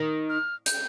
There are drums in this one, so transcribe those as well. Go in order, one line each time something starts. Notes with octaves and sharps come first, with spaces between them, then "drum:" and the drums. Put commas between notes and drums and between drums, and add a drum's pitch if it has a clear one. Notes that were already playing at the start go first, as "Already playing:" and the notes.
Already playing: D#3
F6
G6, drum: hi-hat